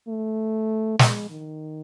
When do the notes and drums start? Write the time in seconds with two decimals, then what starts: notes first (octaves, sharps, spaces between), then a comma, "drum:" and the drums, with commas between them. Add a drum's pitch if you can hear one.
0.08 A3
0.99 G#3, drum: snare
1.30 D#3